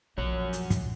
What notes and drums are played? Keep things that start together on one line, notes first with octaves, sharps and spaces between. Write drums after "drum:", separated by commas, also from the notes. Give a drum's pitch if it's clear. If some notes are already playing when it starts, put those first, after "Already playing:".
A#1 F#2 F#3 C#5
drum: hi-hat
drum: kick, hi-hat